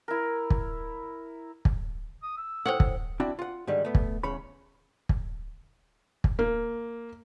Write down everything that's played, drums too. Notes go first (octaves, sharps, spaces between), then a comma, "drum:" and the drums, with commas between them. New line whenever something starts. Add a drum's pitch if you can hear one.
E4 A#4
drum: kick
drum: kick
D#6
E6
E4 A4 C5 C#5 F#5 G5
drum: kick
C4 D4 E4 F#4 G5
F4 F#5
G#2 D3 D#3 G3
A3 B3
drum: kick
E2 C#3 C#5 B5
drum: kick
drum: kick
A#3